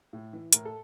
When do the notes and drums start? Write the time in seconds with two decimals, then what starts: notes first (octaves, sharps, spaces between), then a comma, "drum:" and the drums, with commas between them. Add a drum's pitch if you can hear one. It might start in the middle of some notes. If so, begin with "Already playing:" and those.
0.13 A2
0.33 E3
0.53 A2 A#4, drum: hi-hat
0.65 A4